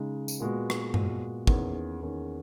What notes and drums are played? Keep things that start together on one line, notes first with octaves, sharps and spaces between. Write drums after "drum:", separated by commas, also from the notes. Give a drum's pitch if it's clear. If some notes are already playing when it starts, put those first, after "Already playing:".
Already playing: C#3 G#3 D#4
drum: tambourine
A#2 G#3 B3 F#4
drum: rim click
A#2 G#3 B3 F#4, drum: tom
E2 D#3 A#3 C#4 G#4, drum: kick
E2 D#3 A#3 C#4 G#4